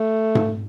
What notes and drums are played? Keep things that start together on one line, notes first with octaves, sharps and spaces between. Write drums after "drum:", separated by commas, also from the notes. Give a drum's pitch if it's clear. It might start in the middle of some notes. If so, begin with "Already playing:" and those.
Already playing: A3
drum: tom G#2